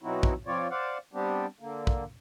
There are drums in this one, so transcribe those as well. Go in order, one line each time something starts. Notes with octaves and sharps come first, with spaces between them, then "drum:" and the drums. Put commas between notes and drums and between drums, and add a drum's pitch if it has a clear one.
B2 F#3 C4 D#4 E4 F#4
drum: kick
F3 C4 F4 C#5 D5
C5 D5 F5 F#5
G3 B3 C4 D4 G4
D3 A#3
drum: kick